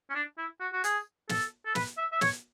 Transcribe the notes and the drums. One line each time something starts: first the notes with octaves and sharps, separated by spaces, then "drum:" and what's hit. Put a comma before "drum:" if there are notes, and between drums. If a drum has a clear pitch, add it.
C#4
D4
E4
F#4
F#4
G#4, drum: hi-hat
A4, drum: snare
A4
B4, drum: snare
E5
E5
C#5, drum: snare